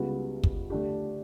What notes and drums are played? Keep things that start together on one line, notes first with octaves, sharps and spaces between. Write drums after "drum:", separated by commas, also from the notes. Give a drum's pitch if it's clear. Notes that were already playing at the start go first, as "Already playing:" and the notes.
Already playing: C#2 C#3 G3 B3 F#4
drum: kick
D3 A3 D4 G4